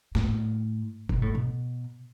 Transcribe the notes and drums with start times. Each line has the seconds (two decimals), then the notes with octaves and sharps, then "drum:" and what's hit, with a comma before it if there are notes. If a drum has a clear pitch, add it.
0.15 A2, drum: snare
1.09 B2, drum: kick F#1
1.22 A2
1.35 B2